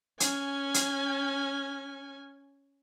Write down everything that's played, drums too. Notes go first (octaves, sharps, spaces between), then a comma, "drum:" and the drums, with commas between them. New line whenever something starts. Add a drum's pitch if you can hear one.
C#4 G#5, drum: hi-hat
drum: hi-hat